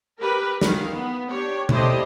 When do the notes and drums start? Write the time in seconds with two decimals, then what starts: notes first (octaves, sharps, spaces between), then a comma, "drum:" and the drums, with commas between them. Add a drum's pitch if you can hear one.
0.18 G4 A#4 B4
0.61 D#3 G#3 F5, drum: snare
0.90 B3
1.31 D4 G4 C#5
1.69 D4 E4 G4 A4 C5 D#5, drum: tom B2